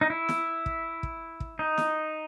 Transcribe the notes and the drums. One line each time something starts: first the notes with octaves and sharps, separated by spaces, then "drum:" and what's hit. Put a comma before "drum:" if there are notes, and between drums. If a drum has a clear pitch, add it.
D#4
E4
drum: snare
drum: kick
drum: kick
drum: kick
D#4
drum: snare